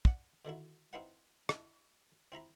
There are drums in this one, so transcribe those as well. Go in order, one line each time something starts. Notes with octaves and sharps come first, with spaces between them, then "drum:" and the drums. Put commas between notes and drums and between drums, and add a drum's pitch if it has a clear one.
D5 F#5, drum: kick
B2 D3 D#3 E4
C4 D#4 E4 B4 F5 F#5
D4 E4 D#5 E5 A5, drum: rim click
C4 E4 A#5 B5